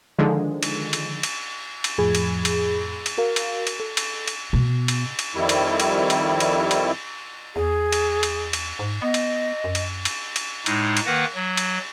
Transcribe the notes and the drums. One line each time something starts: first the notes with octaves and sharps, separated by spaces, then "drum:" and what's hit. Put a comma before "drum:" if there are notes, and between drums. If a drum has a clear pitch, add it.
D3 D#3 F3 G#3
drum: cymbal
drum: cymbal
drum: cymbal
drum: cymbal
F2 A2 F3 G#4 B5 G#6
drum: cymbal
drum: cymbal
drum: cymbal
F#4 A#4 F5
drum: cymbal
drum: cymbal
A4
drum: cymbal
drum: cymbal
B2
drum: cymbal
drum: cymbal
F2 D#3 G3 E4
drum: cymbal
drum: cymbal
drum: cymbal
drum: cymbal
drum: cymbal
E2 G#4
drum: cymbal
drum: cymbal
drum: cymbal
G#2
B3 D#5
drum: cymbal
F#2
drum: cymbal
drum: cymbal
drum: cymbal
A2 G#3 D#4, drum: cymbal
drum: cymbal
D#3 A#3 B4 F#5 A#6
F#3
drum: cymbal